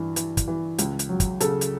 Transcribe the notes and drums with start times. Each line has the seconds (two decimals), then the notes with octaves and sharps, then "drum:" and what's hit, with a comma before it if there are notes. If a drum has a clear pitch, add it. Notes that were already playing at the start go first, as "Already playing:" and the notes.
Already playing: G2 E3
0.16 E3, drum: hi-hat
0.37 drum: kick, hi-hat
0.48 E3
0.78 C#2, drum: hi-hat
0.99 drum: hi-hat
1.09 F#3
1.20 drum: kick, hi-hat
1.40 C#3 A4, drum: hi-hat
1.61 drum: hi-hat